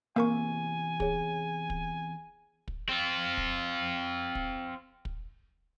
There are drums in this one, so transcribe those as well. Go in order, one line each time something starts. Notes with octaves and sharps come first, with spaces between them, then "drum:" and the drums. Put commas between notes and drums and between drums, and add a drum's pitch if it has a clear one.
E2 C3 A#3 A#4 F5 G#5 C#6
G#4 C#5, drum: kick
drum: kick
drum: kick
C4 F4
drum: kick
drum: kick
drum: kick